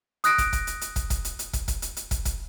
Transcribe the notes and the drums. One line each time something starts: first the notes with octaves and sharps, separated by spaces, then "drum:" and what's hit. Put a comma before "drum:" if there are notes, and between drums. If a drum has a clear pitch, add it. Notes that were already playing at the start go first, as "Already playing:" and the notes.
D#6 F#6 A#6 D7, drum: hi-hat
drum: kick, hi-hat
drum: kick, hi-hat
drum: hi-hat
drum: hi-hat
drum: kick, hi-hat
drum: kick, hi-hat
drum: hi-hat
drum: hi-hat
drum: kick, hi-hat
drum: kick, hi-hat
drum: hi-hat
drum: hi-hat
drum: kick, hi-hat
drum: kick, hi-hat